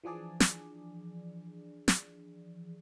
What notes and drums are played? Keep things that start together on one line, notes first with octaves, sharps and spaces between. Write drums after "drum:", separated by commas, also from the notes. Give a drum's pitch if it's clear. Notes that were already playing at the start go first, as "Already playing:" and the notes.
E3 F3 D4 G#4 D5
drum: snare
drum: snare